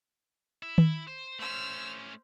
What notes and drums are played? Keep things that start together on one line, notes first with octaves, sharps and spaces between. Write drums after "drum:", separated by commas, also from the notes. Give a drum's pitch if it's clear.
E4
drum: tom D#3
C5
A3 C#4 C5 E6 F6